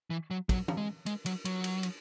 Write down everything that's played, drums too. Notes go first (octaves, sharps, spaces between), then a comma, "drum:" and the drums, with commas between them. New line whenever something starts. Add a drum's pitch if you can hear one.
E3
F#3
F#3, drum: kick, cymbal
drum: tom E3
G#3
G#3, drum: cymbal
F#3, drum: cymbal
F#3, drum: cymbal
drum: cymbal
drum: cymbal